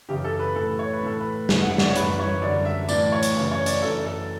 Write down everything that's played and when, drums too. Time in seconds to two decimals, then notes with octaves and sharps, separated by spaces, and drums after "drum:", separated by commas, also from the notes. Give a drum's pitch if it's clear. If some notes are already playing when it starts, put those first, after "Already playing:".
0.08 F#2 C#3 E3 G4
0.24 A4
0.39 B4
0.55 A2 E3 A4
0.79 C#5
0.93 B4
1.03 A2 E3 A4
1.20 B4
1.49 F#2 C#3 E3, drum: snare
1.61 F#5
1.70 E5
1.78 D5, drum: snare
1.87 C#5
1.96 F#2 E3 B4, drum: hi-hat
2.19 C#5
2.42 F#2 D3 D5
2.65 E5
2.89 A2 E3 D5, drum: tambourine
3.12 C#5
3.23 drum: hi-hat
3.36 F#2 C#3 E3
3.51 C#5
3.66 D5, drum: hi-hat
3.82 F#2 E3 A4
4.06 A4